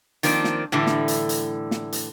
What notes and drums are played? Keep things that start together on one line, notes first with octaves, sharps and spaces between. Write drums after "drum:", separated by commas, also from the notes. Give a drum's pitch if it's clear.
D#3 F3 A#3 C4 D4, drum: hi-hat
drum: snare
A2 D3 E3 G3
drum: snare
drum: hi-hat
drum: hi-hat
drum: snare
drum: hi-hat